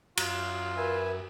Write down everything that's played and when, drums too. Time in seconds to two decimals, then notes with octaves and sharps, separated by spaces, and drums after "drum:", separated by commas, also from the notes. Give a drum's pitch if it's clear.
0.17 F#2 F4, drum: cymbal
0.76 A#4 B4 E5 G#5